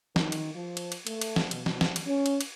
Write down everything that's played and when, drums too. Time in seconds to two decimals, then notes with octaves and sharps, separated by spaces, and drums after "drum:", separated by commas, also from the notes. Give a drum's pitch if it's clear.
0.16 D#3, drum: snare
0.32 drum: cymbal
0.55 F3
0.77 drum: cymbal
0.92 drum: cymbal
1.07 A3, drum: cymbal
1.21 drum: cymbal
1.36 drum: snare
1.51 B2, drum: cymbal
1.66 drum: snare
1.81 drum: snare
1.96 drum: cymbal
2.06 C#4
2.26 drum: cymbal
2.41 drum: cymbal